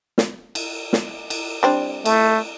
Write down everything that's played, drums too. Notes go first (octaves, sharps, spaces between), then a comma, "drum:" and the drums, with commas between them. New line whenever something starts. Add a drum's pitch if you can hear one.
drum: snare
drum: cymbal
drum: snare
drum: cymbal
G3 C4 D4
A3, drum: cymbal